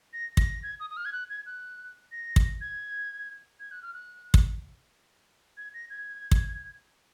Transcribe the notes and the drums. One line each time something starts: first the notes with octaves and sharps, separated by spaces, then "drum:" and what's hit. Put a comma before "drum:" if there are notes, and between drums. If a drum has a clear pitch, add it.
A#6
A#6, drum: kick
G#6
D#6
D#6
F6
G#6
F#6
G#6
F#6
A#6
drum: kick
G#6
G#6
F#6
F6
F#6
drum: kick
G#6
A#6
G#6
drum: kick